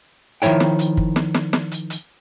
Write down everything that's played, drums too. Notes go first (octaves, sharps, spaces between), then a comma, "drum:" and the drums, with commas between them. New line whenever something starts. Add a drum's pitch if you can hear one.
D#3 F3 E4 C#5 G5, drum: hi-hat
drum: snare
drum: hi-hat
drum: kick
drum: snare
drum: snare
drum: snare
drum: hi-hat
drum: hi-hat